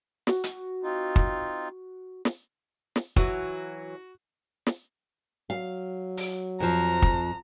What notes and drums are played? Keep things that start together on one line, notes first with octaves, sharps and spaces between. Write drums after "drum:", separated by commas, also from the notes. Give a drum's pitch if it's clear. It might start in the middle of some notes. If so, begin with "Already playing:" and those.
F#4, drum: snare
drum: hi-hat
C4 D#4 F4
drum: kick
drum: snare
drum: snare
E3 F#3 F#4, drum: kick
drum: snare
F#3 F5
drum: open hi-hat
F2 F3 A#5
drum: kick